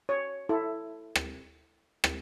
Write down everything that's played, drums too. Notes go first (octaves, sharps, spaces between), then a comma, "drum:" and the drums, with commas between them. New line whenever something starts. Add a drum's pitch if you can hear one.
C#5
E4 A4
drum: rim click
drum: rim click